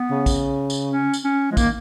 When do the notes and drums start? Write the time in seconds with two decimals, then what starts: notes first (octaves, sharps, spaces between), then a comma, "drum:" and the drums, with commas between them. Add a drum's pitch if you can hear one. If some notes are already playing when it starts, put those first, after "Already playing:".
Already playing: B3
0.10 C#3
0.26 drum: kick, tambourine
0.70 drum: tambourine
0.92 C#4
1.13 drum: tambourine
1.24 C#4
1.51 F3 G#3
1.57 D#3 A#3, drum: kick, tambourine